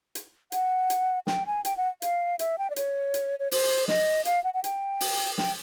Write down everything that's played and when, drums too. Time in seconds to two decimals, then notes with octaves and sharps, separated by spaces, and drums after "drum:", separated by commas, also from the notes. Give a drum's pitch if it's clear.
0.15 drum: hi-hat
0.52 F#5, drum: hi-hat
0.90 drum: hi-hat
1.27 G5, drum: snare
1.46 G#5
1.65 G5, drum: hi-hat
1.77 F#5
2.02 F5, drum: hi-hat
2.39 E5, drum: hi-hat
2.58 G5
2.70 D5
2.76 C#5, drum: hi-hat
3.14 drum: hi-hat
3.39 C#5
3.51 C5, drum: open hi-hat
3.88 D#5, drum: snare
4.25 F5, drum: hi-hat
4.44 F#5
4.54 F#5
4.64 G5, drum: hi-hat
5.00 drum: open hi-hat
5.38 G5, drum: snare